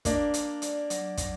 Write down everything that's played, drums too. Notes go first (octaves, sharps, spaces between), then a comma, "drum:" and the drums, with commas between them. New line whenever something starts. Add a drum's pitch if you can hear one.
A#3 D4 D5, drum: kick, hi-hat
D5, drum: hi-hat
D5, drum: hi-hat
F#3, drum: hi-hat
F#3, drum: kick, hi-hat